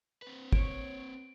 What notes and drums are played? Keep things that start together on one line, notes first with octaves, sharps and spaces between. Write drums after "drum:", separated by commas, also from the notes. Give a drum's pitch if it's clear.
C4 B4
C#5 D7, drum: kick